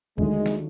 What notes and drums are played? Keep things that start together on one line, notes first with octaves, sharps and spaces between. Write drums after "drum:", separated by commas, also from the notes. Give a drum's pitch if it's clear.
D#2 D3 F#3 G#3 A3 D4, drum: kick C#2
drum: snare